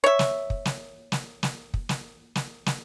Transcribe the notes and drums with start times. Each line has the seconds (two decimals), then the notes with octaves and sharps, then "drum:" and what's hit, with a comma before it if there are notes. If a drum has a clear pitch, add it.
0.04 C#5 E5
0.19 drum: snare
0.50 drum: kick
0.65 drum: snare
1.12 drum: snare
1.43 drum: snare
1.74 drum: kick
1.89 drum: snare
2.35 drum: snare
2.66 drum: snare